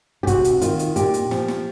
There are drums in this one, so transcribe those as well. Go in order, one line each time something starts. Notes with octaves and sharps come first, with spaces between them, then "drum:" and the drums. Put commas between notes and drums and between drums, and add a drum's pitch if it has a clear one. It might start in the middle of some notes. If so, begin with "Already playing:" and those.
G4
C3 F#4, drum: kick, hi-hat
drum: hi-hat
D#3 F4, drum: hi-hat
drum: hi-hat
A#2 G4, drum: hi-hat
drum: hi-hat
F3, drum: snare
drum: snare